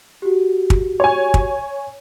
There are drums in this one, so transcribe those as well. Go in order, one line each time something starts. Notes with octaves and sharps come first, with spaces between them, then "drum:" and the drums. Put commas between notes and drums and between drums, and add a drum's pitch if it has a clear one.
F#4 G4
drum: kick
C#5 G#5
drum: kick